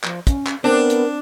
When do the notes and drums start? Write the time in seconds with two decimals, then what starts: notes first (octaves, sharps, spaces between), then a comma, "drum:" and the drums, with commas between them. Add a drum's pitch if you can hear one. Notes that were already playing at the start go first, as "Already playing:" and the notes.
0.04 F3, drum: clap
0.27 C#4, drum: kick, hi-hat
0.47 drum: clap
0.64 B3 C4 D4 A#4
0.90 drum: hi-hat